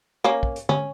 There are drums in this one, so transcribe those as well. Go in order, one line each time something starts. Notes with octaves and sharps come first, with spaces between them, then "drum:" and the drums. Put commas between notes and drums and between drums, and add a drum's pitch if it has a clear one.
A#3 C#4
drum: kick
drum: hi-hat
C#4, drum: tom